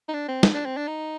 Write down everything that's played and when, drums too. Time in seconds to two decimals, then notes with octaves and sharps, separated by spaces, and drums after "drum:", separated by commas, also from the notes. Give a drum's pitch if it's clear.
0.08 D#4
0.14 D4
0.28 C4
0.43 drum: snare
0.54 D4
0.65 C4
0.77 D4
0.87 D#4